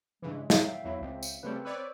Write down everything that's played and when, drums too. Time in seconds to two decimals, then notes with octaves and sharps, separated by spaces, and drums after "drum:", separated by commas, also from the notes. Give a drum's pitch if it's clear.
0.22 G2 C#3 E3 G#3
0.50 F#3 E5 F5 G5, drum: snare
0.84 E2 F#3 E4
1.01 C#2 C4
1.23 drum: tambourine
1.43 C#3 G3 A3 C4 B4 C5
1.65 B4 C#5 D5 E6